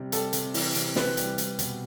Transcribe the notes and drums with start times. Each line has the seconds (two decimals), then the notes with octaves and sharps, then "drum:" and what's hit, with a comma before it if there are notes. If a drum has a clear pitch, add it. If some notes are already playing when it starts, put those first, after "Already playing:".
Already playing: C3 G3
0.12 G3 A4, drum: hi-hat
0.33 C3, drum: hi-hat
0.54 E3, drum: open hi-hat
0.75 C3, drum: hi-hat
0.96 C3 B4, drum: snare
1.17 G3, drum: hi-hat
1.38 G3, drum: hi-hat
1.59 B2, drum: hi-hat